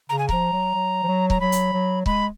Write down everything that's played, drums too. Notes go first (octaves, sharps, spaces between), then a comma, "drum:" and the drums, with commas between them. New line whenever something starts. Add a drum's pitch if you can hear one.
C#3 A#5
G#5
F3 A#5, drum: kick C#1
F#3
F#3
F3
F#3
A#5, drum: kick C#1
F#3 B5
drum: hi-hat
F#3
G#3 B5, drum: kick C#1